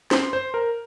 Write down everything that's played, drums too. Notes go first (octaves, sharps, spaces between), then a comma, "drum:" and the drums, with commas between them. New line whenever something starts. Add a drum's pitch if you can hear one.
C5, drum: snare
C5
A#4